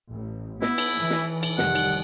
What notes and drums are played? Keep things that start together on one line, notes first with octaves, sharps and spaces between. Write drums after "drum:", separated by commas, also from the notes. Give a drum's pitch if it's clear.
A1
B3 E4, drum: snare
drum: cymbal
E3
drum: snare
drum: cymbal
F1 D#3 G3 F#5, drum: snare
drum: cymbal